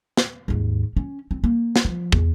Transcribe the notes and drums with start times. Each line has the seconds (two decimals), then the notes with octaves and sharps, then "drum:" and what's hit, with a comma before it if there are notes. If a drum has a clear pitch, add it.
0.17 drum: snare
0.48 D#2 G#2
0.97 C#4
1.31 C4
1.44 A#3
1.76 drum: snare
1.85 F3
2.12 E2, drum: kick